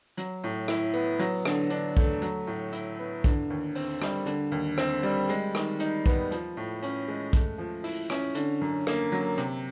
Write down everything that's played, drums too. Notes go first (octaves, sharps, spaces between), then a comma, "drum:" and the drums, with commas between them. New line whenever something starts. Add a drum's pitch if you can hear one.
F#3, drum: hi-hat
A2
E4, drum: rim click
B3
F#3, drum: hi-hat
D3, drum: rim click
D4, drum: hi-hat
A3, drum: kick
F#3, drum: hi-hat
A2
E4, drum: hi-hat
B3
D3, drum: kick, hi-hat
D#2
C4, drum: open hi-hat
G3, drum: rim click
D3, drum: hi-hat
D#2
C4, drum: rim click
G3
G#3, drum: hi-hat
D#3, drum: rim click
D#4, drum: hi-hat
B3, drum: kick
F3, drum: hi-hat
A2
C#4, drum: hi-hat
G#3
A3, drum: kick, hi-hat
F3
E4, drum: open hi-hat
C#4, drum: rim click
D3, drum: hi-hat
F#2
A#3, drum: rim click
F#3
C3, drum: hi-hat